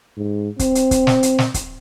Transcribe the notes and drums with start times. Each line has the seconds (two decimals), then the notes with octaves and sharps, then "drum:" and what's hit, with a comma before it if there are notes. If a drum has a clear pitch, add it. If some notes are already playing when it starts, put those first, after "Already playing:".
0.17 G#2
0.59 C4, drum: kick, hi-hat
0.75 drum: hi-hat
0.91 drum: kick, hi-hat
1.07 drum: snare
1.23 drum: hi-hat
1.39 drum: snare
1.54 drum: kick, hi-hat